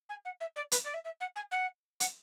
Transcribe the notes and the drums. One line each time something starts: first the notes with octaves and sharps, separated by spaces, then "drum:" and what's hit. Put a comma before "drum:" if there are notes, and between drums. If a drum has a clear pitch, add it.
G#5
F#5
E5
D5
B4, drum: hi-hat
D5
E5
E5
F#5
G#5
F#5
F#5, drum: hi-hat